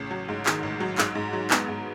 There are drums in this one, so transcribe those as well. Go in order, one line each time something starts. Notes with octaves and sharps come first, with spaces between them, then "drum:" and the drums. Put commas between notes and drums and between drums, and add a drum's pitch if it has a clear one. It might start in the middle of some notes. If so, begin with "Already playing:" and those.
Already playing: A1 C#3
F#3
G#2
D#3, drum: clap
A1
F#3
G#2, drum: clap
G#2
F#3
B3, drum: clap
G#2